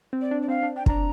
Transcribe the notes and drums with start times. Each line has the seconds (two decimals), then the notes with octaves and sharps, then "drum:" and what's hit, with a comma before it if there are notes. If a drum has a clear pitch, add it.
0.13 C4
0.21 D5
0.31 D4
0.42 D5
0.48 C4 F5
0.63 D4
0.76 D4 G5
0.86 D4 A#5, drum: kick